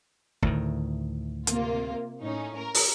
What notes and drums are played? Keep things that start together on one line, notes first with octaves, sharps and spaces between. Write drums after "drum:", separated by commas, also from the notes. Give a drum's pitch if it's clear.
D2 A2 D#3, drum: kick
C3 A#3 F4, drum: hi-hat
A2 C#4 D#4
A#4
drum: open hi-hat